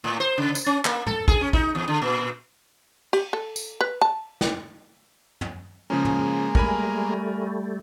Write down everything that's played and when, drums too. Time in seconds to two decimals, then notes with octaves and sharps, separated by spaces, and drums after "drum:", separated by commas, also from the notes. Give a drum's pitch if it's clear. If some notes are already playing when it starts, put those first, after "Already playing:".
0.04 A2
0.20 C5
0.38 C#3
0.55 drum: tambourine
0.66 C#4
0.85 A#3, drum: clap
1.07 A4, drum: tom
1.28 G#4, drum: kick
1.41 C#4
1.53 D#4, drum: kick
1.75 E2
1.88 D3
2.02 A#2
3.13 G4, drum: cymbal
3.33 A4
3.56 drum: tambourine
3.81 B4
4.01 A5
4.41 drum: snare
5.41 drum: tom
5.90 C#3 F3 G#3 A#3 C#4
6.05 drum: tom
6.55 G3 A3 A#4 G#5 B5, drum: kick